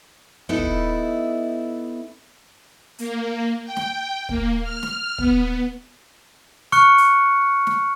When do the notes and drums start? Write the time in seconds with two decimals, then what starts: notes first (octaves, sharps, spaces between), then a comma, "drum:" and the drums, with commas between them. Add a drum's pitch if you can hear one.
0.49 B3 D#4 E4 A4
0.58 drum: kick
2.98 A#3, drum: hi-hat
3.64 G5
3.77 drum: snare
4.29 A#3, drum: kick
4.64 F6
4.83 drum: snare
5.18 B3, drum: kick
6.72 C#6 F6 F#6 C#7, drum: hi-hat
6.98 drum: hi-hat
7.67 drum: snare